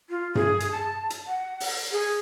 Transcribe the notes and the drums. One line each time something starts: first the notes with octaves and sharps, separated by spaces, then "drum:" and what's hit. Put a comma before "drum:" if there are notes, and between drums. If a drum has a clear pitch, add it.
F4
G#4, drum: tom G2
drum: hi-hat
A5
drum: hi-hat
F#5
drum: open hi-hat
G#4